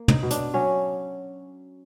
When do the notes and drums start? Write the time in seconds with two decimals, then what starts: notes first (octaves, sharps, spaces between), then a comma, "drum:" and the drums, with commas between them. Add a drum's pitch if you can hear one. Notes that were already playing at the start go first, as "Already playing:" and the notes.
Already playing: A#3
0.08 D#4, drum: tom
0.23 B2
0.31 D4, drum: hi-hat
0.54 F#3 C#4